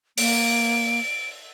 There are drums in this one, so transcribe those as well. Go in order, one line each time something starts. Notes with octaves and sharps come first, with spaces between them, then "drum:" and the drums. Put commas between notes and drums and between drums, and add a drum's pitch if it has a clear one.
A#3 D7, drum: open hi-hat